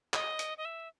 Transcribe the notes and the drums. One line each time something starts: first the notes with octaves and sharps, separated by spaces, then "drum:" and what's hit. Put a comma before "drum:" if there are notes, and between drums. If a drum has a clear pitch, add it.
D#5, drum: clap
drum: hi-hat
D#5
E5